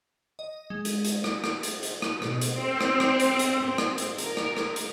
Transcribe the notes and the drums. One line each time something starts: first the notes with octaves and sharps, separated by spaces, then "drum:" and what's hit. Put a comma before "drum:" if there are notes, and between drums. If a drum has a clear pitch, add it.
D#5
G#3
drum: hi-hat
drum: hi-hat
drum: rim click
drum: rim click
drum: hi-hat
drum: hi-hat
drum: rim click
B2, drum: rim click
drum: hi-hat
C4
drum: rim click
drum: rim click
drum: hi-hat
drum: hi-hat
C4
drum: rim click
drum: hi-hat
A#4, drum: hi-hat
drum: rim click
drum: rim click
drum: hi-hat